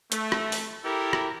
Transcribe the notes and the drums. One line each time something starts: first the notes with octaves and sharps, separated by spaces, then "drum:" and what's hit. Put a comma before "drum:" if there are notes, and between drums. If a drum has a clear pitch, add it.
A3, drum: hi-hat
drum: rim click
drum: open hi-hat
E4 G4 A4 A#4
drum: rim click